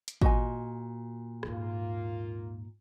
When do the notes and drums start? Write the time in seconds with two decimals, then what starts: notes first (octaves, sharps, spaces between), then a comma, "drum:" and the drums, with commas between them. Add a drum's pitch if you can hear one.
0.08 drum: hi-hat
0.21 A#2 F#4 D#5 G#5, drum: kick G#1
1.43 D#2 G#2 A#3 F4, drum: rim click